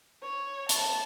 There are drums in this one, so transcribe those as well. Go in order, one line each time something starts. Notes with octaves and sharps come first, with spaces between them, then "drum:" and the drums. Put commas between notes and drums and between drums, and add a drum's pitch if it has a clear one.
C#5
A5, drum: hi-hat